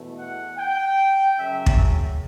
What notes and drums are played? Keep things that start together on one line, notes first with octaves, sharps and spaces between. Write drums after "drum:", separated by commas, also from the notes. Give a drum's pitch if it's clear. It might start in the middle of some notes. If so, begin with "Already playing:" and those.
Already playing: E2 B2 A3
F#5
G5
F#2 C#3 F#3 C#4 E5
drum: kick